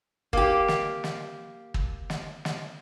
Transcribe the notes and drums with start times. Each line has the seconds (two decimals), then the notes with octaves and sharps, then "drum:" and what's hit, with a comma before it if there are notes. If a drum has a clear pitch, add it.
0.33 A#3 G4, drum: kick
0.68 drum: snare
1.04 drum: snare
1.74 drum: kick
2.10 drum: snare
2.45 drum: snare